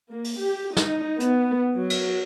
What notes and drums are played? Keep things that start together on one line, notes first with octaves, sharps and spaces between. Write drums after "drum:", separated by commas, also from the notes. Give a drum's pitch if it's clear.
A#3
drum: open hi-hat
G4
D#4, drum: snare
B3, drum: hi-hat
F#3
drum: cymbal